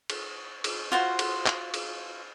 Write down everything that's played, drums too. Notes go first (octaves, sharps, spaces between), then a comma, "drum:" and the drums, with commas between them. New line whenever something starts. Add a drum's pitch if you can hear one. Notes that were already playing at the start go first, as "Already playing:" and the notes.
drum: cymbal
drum: cymbal
F4 F#4 C5
drum: cymbal
drum: clap
drum: cymbal